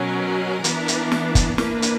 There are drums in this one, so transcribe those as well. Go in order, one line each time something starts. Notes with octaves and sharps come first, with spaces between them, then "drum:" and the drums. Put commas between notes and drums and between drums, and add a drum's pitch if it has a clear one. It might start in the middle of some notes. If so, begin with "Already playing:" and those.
Already playing: B2 F#3 C#4 A#4
E3 B3 D4, drum: hi-hat
drum: hi-hat
drum: snare
drum: kick G1, hi-hat
E3 A#3 D4 B4, drum: snare
drum: hi-hat